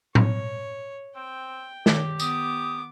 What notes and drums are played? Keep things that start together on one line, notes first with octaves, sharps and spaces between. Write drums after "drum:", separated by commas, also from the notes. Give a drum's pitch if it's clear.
C#5, drum: tom A2
C4 G5
D#3 G4 C#5, drum: snare
B3 D6 D#6, drum: tambourine